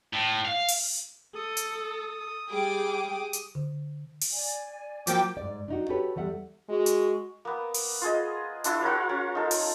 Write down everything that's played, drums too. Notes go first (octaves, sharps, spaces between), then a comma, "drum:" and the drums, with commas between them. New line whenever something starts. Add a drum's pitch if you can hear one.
A2
F5
drum: open hi-hat
A4 D#6
drum: hi-hat
G3 G#4 G5 D6
drum: hi-hat
D3
drum: open hi-hat
D5 G#5
F3 F#3 A#3 G5 D6, drum: hi-hat
G#2 D5
D4 D#4 F#4
F#4 G4 A4 B4 C#5
E2 G3 E5 F#5
G#3 F#4
drum: hi-hat
A#3 B3
drum: open hi-hat
F4 G#4 D#5
D4 E4 F4 E6, drum: hi-hat
F4 A#4 C#5
C#4
D#4 A4
drum: open hi-hat